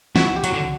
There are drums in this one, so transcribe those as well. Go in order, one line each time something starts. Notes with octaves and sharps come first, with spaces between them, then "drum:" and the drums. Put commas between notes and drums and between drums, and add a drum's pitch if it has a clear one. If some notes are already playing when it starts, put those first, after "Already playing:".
E4 F#4, drum: snare
G4
F#3 F#4, drum: hi-hat
D3